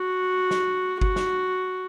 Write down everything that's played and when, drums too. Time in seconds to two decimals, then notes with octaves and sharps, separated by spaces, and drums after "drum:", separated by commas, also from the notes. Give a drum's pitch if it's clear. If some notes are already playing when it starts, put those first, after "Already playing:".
Already playing: F#4
0.51 drum: snare
1.01 F#4, drum: kick G1
1.16 drum: snare